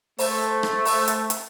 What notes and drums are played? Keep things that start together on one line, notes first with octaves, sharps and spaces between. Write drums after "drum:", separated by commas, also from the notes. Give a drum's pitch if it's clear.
A3 C5, drum: open hi-hat
drum: rim click
drum: open hi-hat
drum: hi-hat
drum: hi-hat